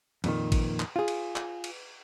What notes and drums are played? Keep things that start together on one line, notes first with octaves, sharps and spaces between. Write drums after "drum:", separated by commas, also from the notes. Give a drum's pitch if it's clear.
F2 A#2 D#3, drum: cymbal
drum: kick G#1, cymbal
drum: clap
F4 G#4
drum: cymbal
drum: clap
drum: cymbal